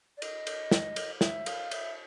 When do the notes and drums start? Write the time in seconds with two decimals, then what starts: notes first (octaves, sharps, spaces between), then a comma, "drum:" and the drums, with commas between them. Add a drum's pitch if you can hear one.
0.17 D5
0.22 D#5, drum: cymbal
0.47 drum: cymbal
0.71 drum: snare
0.96 drum: cymbal
1.21 E5, drum: snare
1.46 F5, drum: cymbal
1.71 E5, drum: cymbal